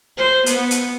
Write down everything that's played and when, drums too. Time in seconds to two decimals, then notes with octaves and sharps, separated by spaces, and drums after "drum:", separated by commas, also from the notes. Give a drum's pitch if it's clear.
0.17 C5
0.46 B3, drum: hi-hat
0.71 drum: hi-hat